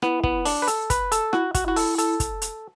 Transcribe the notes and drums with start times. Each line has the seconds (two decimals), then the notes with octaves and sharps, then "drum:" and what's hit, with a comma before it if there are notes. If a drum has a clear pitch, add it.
0.02 B3 E4, drum: rim click
0.24 B3, drum: kick
0.45 D4, drum: open hi-hat
0.62 B4
0.68 A4, drum: hi-hat
0.90 B4, drum: kick, hi-hat
1.12 A4, drum: hi-hat
1.33 E4 F#4, drum: rim click
1.55 F#4, drum: kick, hi-hat
1.66 E4 F#4
1.76 A4, drum: open hi-hat
1.98 A4, drum: hi-hat
2.20 drum: kick, hi-hat
2.42 drum: hi-hat